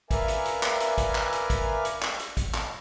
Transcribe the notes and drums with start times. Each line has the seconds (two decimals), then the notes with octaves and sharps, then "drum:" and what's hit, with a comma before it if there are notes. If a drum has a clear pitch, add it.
0.11 A#4 B4 D5 E5 F5 G#5, drum: kick, hi-hat
0.28 drum: hi-hat
0.45 drum: hi-hat
0.63 drum: clap
0.80 drum: hi-hat
0.98 drum: kick, hi-hat
1.15 drum: clap
1.32 drum: hi-hat
1.50 drum: kick, hi-hat
1.85 drum: hi-hat
2.02 drum: clap
2.19 drum: hi-hat
2.37 drum: kick, hi-hat
2.54 drum: clap